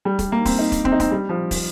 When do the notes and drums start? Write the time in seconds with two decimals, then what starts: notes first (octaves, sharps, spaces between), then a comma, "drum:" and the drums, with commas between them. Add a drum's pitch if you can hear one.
0.05 G3
0.19 G3, drum: kick, hi-hat
0.32 A#3
0.45 C4, drum: kick, open hi-hat
0.58 D#4
0.72 drum: kick, hi-hat
0.85 C4, drum: kick
0.92 D#4
1.00 C4, drum: kick, hi-hat
1.11 G3
1.29 F3
1.51 drum: kick, open hi-hat